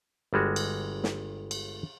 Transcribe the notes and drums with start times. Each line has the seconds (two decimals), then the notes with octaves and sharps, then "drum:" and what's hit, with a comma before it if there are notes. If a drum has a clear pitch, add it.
0.33 G1 G3 G#3 F#4
0.56 drum: cymbal
1.04 drum: snare
1.51 drum: cymbal